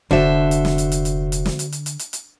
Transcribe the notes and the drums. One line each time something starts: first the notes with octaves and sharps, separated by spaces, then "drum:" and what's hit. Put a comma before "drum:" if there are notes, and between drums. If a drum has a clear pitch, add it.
F1 D3 D4 F#4 C5 E5
drum: hi-hat
drum: snare
drum: hi-hat
drum: hi-hat
drum: hi-hat
drum: hi-hat
drum: snare
drum: hi-hat
drum: hi-hat
drum: hi-hat
drum: hi-hat
drum: hi-hat